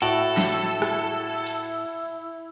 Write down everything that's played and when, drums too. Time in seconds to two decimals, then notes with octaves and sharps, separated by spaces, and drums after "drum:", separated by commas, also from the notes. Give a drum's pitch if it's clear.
0.02 A2 E4 F#4 A4 D5, drum: hi-hat
0.37 drum: snare
0.82 drum: rim click
1.47 drum: cymbal